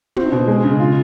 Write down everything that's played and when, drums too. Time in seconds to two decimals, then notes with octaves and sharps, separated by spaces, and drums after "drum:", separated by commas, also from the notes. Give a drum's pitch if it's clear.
0.16 C4, drum: tom
0.32 B2
0.47 G#3
0.64 C#3
0.80 F4